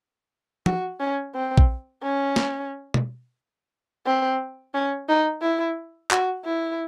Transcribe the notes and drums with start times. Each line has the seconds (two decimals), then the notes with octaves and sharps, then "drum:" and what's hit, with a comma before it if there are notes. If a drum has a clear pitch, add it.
0.66 F#4, drum: tom F3
1.00 C#4
1.35 C4
1.58 drum: kick A#1
2.03 C#4
2.36 drum: snare
2.94 drum: tom B2
4.06 C4
4.74 C#4
5.09 D#4
5.42 E4
6.11 F#4, drum: clap
6.45 E4